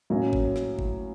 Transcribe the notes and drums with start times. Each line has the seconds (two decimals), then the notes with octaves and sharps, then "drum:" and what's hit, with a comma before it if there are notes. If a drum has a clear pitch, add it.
0.10 A2 F#3 A#3 C#4
0.33 drum: kick G#1
0.56 drum: snare
0.79 drum: kick G#1